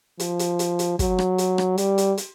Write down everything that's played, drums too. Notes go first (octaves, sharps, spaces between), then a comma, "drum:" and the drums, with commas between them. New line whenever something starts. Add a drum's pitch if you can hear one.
F3, drum: hi-hat
drum: hi-hat
drum: hi-hat
drum: hi-hat
F#3, drum: kick, hi-hat
drum: rim click
drum: hi-hat
drum: rim click
G3, drum: hi-hat
drum: hi-hat
drum: hi-hat